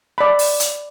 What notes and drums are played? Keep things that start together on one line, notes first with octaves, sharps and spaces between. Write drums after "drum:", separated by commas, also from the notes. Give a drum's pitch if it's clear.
D5 B5
drum: open hi-hat
drum: hi-hat